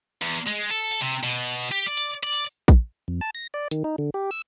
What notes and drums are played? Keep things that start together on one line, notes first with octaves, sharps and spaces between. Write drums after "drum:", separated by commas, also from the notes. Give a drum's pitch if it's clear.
E2, drum: open hi-hat
G#3
A4
drum: open hi-hat
C3
B2
drum: hi-hat
G4
D5
drum: hi-hat
D5
drum: open hi-hat
drum: kick, hi-hat
F2
A5
A#6
D5
D#3, drum: hi-hat
D#4
D3
G4
E6